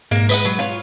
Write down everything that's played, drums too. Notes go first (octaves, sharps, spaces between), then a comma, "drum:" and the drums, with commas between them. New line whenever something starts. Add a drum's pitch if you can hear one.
G#2 A#3 A#4
B4 D#5 F#5, drum: tambourine
F#3
F4 B4 C#5